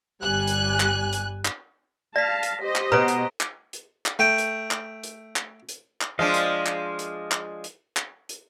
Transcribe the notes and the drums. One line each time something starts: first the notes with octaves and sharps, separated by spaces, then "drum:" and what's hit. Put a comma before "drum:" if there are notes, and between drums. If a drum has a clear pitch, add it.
G1 G3 G#5 F#6
drum: hi-hat
drum: clap
drum: hi-hat
drum: clap
D5 F5 A5 A#6 B6
drum: hi-hat
G4 C5 D#5
drum: clap
B2 B4 C#5 A#5 D7
drum: hi-hat
drum: clap
drum: hi-hat
drum: clap
A3 G5 D#6
drum: hi-hat
drum: clap
drum: hi-hat
drum: clap
drum: hi-hat
drum: clap
F3 G#3 D4 D#5 F5
drum: hi-hat
drum: clap
drum: hi-hat
drum: clap
drum: hi-hat
drum: clap
drum: hi-hat